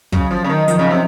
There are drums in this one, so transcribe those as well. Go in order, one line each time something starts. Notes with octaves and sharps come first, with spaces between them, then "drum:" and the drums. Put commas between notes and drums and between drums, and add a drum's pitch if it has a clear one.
C#3 F#3, drum: kick
F3
C#3
D#3
D#3 F3, drum: hi-hat
C#3
C3